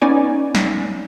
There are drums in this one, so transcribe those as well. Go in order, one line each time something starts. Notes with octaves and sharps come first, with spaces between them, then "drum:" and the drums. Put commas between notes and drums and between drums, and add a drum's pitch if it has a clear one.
B3 C#4 D#4 D5 G#5
drum: snare